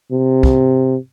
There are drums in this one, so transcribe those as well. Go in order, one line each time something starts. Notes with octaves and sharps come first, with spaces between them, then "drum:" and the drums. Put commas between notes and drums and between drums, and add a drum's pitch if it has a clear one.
C3
drum: kick